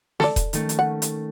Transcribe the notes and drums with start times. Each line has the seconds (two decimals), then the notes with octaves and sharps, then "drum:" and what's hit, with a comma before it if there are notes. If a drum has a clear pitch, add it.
0.20 A4 D5, drum: snare
0.36 drum: kick E1, hi-hat
0.53 D#3 A3 C#4, drum: hi-hat
0.69 drum: hi-hat
0.79 F#5
1.02 drum: hi-hat